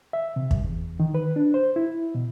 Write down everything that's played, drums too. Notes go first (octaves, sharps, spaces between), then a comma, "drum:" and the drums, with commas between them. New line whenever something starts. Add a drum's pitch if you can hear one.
E5
C3
G2, drum: kick
E2
D#3
B4
D4
C5
E4
B2